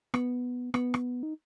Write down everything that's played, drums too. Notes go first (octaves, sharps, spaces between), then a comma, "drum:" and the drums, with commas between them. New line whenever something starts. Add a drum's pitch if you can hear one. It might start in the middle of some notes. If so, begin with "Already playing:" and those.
B3, drum: rim click
B3, drum: rim click
drum: rim click
D#4